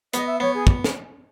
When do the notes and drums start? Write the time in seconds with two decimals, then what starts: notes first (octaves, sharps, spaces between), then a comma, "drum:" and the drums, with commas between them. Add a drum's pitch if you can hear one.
0.13 B3 D#5, drum: hi-hat
0.26 E5
0.40 B3 C#5
0.54 G#4
0.67 drum: kick
0.84 drum: snare